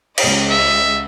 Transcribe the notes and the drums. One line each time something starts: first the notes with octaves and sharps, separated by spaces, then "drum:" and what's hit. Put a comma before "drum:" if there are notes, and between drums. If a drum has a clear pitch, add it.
C#2 D#5, drum: cymbal
E5